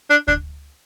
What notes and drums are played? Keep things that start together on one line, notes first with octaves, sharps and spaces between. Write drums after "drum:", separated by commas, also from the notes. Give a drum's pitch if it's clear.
D4
D4, drum: kick